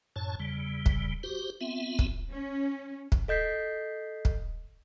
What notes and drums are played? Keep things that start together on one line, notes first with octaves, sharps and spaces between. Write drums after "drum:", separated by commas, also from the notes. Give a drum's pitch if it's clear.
F#2 A2 C#5 A5
E2 C#3 G3
drum: kick
F#4 G4 C5
B3 C4 F4 E5
drum: kick
C#4
drum: kick
A4 D#5 G6 B6 C7
drum: kick